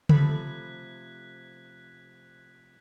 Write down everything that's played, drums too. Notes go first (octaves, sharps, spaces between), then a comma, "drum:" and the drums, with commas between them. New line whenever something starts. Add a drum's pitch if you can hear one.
C3 F3 A3 A4 B5 F#6 G#6 B6, drum: tom C#3